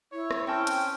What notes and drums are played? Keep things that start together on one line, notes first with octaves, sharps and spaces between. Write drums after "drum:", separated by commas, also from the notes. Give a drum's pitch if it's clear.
E4 C#5
drum: rim click
C4 C#4 G5 A5 C#6
drum: hi-hat